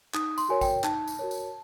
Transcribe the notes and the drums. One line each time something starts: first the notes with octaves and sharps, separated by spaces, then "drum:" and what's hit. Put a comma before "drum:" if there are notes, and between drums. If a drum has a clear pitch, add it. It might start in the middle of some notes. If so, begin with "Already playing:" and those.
D#4 D#6, drum: clap
C6, drum: tambourine
F#4 A#4 C#5 G#5
G5, drum: kick A1, tambourine
D#4 A5, drum: clap
drum: tambourine
F#4 A#4 C#5
drum: tambourine